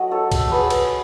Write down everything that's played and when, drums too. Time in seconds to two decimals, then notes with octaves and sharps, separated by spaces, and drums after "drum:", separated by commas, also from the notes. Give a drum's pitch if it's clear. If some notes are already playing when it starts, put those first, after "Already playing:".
Already playing: F#3 A3 D#5 F#5
0.11 A4 C#5
0.32 drum: kick, cymbal
0.52 G#4 B4
0.70 drum: cymbal